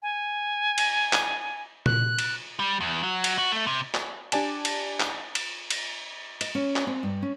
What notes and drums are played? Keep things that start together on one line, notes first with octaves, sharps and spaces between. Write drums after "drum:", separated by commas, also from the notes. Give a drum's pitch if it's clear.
G#5
drum: cymbal
drum: clap
F#6, drum: tom A#2
drum: cymbal
G3
E2
F#3
drum: cymbal
F#4
A3
C3
drum: clap
D4 G4 D5 G#5 A5, drum: cymbal
drum: cymbal
drum: clap
drum: cymbal
drum: cymbal
D#5, drum: cymbal
C#4
drum: clap
C4
G2
C#4